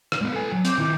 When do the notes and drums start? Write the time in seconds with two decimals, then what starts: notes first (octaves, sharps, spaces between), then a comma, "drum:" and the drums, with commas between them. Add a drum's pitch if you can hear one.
0.12 drum: rim click
0.21 G#3 B3 B4
0.33 A4 G#5
0.52 F#3
0.65 C4 D6 G6, drum: hi-hat
0.78 D#3 E4